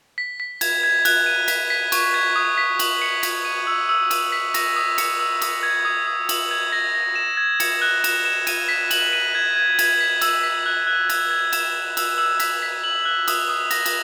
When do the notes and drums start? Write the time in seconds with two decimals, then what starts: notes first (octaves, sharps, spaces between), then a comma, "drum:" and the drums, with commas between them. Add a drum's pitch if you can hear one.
0.18 B6
0.40 B6
0.61 G#6, drum: cymbal
0.83 G#6
1.05 F#6, drum: cymbal
1.26 D#7
1.48 B6, drum: cymbal
1.70 B6
1.92 C#6, drum: cymbal
2.14 G#6
2.36 D#6
2.58 B6
2.79 F#7, drum: cymbal
3.02 C#7
3.23 B6, drum: cymbal
3.45 D#7
3.67 E6
3.89 E6
4.11 D#7, drum: cymbal
4.32 B6
4.54 A#6, drum: cymbal
4.76 D#6
4.98 C#7, drum: cymbal
5.19 E6
5.42 D#6, drum: cymbal
5.63 G#6
5.85 D#6
6.07 D#6
6.29 F#7, drum: cymbal
6.51 G#6
6.72 A#6
6.94 A#6
7.15 E7
7.37 G#6
7.60 C#7, drum: cymbal
7.82 F#6
8.04 E7, drum: cymbal
8.25 E7
8.47 D#7, drum: cymbal
8.69 B6
8.91 F#7, drum: cymbal
9.13 D#7
9.35 G#6
9.56 G#6
9.79 G#6, drum: cymbal
10.00 B6
10.21 E6, drum: cymbal
10.43 B6
10.66 F#6
10.87 F#6
11.10 G#6, drum: cymbal
11.31 G#6
11.53 E7, drum: cymbal
11.74 E7
11.97 E6, drum: cymbal
12.18 E6
12.40 B6, drum: cymbal
12.62 B6
12.84 F#7
13.05 F#6
13.28 D#6, drum: cymbal
13.49 D#6
13.71 A#6, drum: cymbal
13.86 drum: cymbal